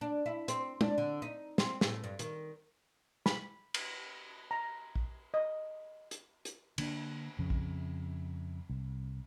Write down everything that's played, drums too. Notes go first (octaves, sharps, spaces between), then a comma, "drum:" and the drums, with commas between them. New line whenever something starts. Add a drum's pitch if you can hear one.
D4
E4
C4, drum: hi-hat
D4, drum: tom
D3
D#4
C4, drum: snare
A2, drum: snare
G2
D#3, drum: hi-hat
B5, drum: snare
drum: cymbal
A#5
drum: kick
D#5
drum: hi-hat
drum: hi-hat
D3 A#3 D4, drum: cymbal
F2 C#3
drum: kick
C2